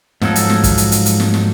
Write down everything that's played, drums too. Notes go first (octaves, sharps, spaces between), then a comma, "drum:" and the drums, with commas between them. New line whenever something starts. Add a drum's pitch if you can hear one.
G#2 F3 F#3 A4, drum: snare
drum: hi-hat
drum: snare
drum: kick, hi-hat
drum: hi-hat
drum: hi-hat
drum: hi-hat
drum: snare
drum: snare